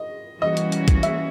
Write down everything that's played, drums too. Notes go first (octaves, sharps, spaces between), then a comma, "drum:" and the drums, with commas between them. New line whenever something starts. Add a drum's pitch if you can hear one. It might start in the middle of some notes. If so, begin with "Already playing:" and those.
Already playing: D#5
E3 G3 A#3 C#4 F#4 D#5
drum: hi-hat
drum: hi-hat
drum: kick, hi-hat
E5, drum: hi-hat